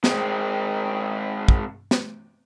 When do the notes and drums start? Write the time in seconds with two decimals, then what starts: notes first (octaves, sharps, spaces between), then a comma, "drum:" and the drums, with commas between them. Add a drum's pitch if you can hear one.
0.04 G#3 C4, drum: snare
1.48 drum: kick
1.91 drum: snare